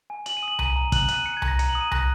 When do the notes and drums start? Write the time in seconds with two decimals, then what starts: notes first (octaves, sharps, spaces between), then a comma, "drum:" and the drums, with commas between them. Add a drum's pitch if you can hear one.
0.10 G#5
0.26 G#5 F#7, drum: hi-hat
0.37 D#7
0.43 D#6
0.48 F#7
0.59 A#5 D#7, drum: tom C2
0.76 A#5
0.92 F#6 F#7, drum: kick, hi-hat
1.04 F#7
1.08 F#6, drum: hi-hat
1.14 D#7
1.26 F#6 C#7
1.37 G#6
1.42 A#5, drum: tom C2
1.48 A#6
1.59 A#5 C#7, drum: hi-hat
1.69 F#7
1.75 D#6
1.81 D#7
1.91 F#6 A#6, drum: tom C2